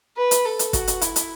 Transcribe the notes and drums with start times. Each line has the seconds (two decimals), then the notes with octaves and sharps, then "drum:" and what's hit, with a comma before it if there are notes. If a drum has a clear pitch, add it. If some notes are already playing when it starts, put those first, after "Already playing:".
0.17 B4
0.31 drum: hi-hat
0.45 A4
0.59 drum: hi-hat
0.73 F#4, drum: kick, hi-hat
0.87 drum: hi-hat
1.01 E4, drum: hi-hat
1.16 drum: hi-hat